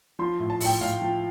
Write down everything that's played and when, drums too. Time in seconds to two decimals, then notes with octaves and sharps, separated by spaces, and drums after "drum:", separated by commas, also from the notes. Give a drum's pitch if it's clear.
0.19 F3 C6
0.40 A2
0.50 A5
0.60 A2, drum: open hi-hat
0.65 G5
0.81 A2 F5
1.02 F3